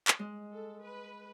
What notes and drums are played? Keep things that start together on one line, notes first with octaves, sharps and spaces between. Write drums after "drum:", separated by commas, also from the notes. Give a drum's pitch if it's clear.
drum: clap
G#3
A4
B4